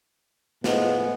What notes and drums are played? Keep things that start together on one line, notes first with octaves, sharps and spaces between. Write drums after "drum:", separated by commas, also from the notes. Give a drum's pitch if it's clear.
A2 F3 G#3 B3, drum: snare